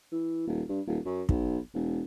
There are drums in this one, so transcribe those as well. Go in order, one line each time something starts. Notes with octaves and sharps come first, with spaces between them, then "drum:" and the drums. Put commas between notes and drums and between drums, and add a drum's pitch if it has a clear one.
E3
D#1
G2
D#1
F#2
B1, drum: kick
E1